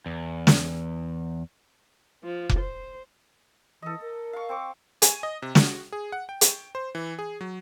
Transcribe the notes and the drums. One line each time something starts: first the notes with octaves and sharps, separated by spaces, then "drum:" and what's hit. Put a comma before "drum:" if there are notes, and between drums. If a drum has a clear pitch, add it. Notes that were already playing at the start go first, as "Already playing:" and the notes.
E2
drum: snare
F3
drum: kick F1
C5
E3 A4 D#5
A#4
F5 C#6
C4 C#6 D6
G#5, drum: hi-hat
D#5
C3
F#4, drum: snare
G#4
F#5
G5
drum: hi-hat
C5
E3
G#4
F#3